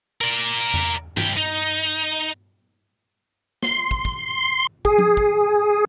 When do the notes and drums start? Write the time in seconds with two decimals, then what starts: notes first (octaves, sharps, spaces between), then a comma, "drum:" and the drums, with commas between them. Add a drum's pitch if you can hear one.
0.21 A#4 D5
0.74 drum: tom E2
1.17 C2 G4, drum: tom G2
1.37 D#4
3.63 C6, drum: snare
3.91 drum: kick
4.05 drum: kick
4.85 G#4, drum: kick
4.99 drum: tom F3
5.17 drum: kick